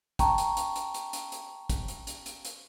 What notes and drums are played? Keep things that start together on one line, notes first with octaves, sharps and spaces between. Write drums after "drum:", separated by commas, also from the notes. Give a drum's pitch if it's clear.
G5 A5 A#5 C#6, drum: kick, hi-hat
drum: hi-hat
drum: hi-hat
drum: hi-hat
drum: hi-hat
drum: hi-hat
drum: hi-hat
drum: kick, hi-hat
drum: hi-hat
drum: hi-hat
drum: hi-hat
drum: hi-hat